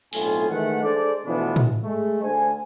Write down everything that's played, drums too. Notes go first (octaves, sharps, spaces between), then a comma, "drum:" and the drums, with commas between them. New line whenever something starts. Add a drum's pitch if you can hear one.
B1 A2 A3 C4 F4 G#5, drum: open hi-hat
D#3 E3 G#3 A3 F#5
G#3 D4 A4 C5 D5
D2 B2 E3 F3 B3 D4
drum: tom
G#3 A3
D2 D4 C5 G#5